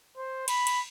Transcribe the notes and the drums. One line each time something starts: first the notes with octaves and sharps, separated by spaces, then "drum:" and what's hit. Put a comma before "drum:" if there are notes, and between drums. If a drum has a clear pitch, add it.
C5
B5, drum: cymbal
drum: cymbal